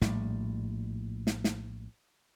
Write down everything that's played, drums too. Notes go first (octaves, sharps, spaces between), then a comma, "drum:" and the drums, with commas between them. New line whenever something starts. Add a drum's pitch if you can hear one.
A#1 A2 G3, drum: snare
drum: snare
drum: snare